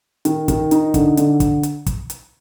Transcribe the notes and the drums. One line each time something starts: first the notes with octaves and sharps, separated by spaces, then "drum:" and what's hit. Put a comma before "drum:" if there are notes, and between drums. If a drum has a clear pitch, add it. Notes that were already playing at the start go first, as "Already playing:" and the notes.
D#3, drum: hi-hat
D#3, drum: kick, hi-hat
D#4, drum: hi-hat
D3, drum: kick, hi-hat
D3, drum: hi-hat
drum: kick, hi-hat
drum: hi-hat
drum: kick, hi-hat
drum: hi-hat